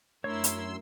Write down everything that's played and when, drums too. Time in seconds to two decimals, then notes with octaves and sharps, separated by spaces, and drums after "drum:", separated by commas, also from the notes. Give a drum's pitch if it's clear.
0.24 F#2 A3 D4 E4 A#4 C#5 C6 E6
0.44 drum: hi-hat